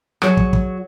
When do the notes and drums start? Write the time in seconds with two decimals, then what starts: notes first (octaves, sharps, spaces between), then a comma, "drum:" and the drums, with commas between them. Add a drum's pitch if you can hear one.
0.22 F#3 G#4 C#5, drum: rim click
0.37 drum: kick
0.53 drum: kick